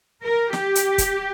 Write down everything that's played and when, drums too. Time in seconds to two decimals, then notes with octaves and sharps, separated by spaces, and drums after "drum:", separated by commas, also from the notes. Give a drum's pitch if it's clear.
0.22 A#4
0.53 G4, drum: snare
0.75 drum: hi-hat
0.98 drum: kick, hi-hat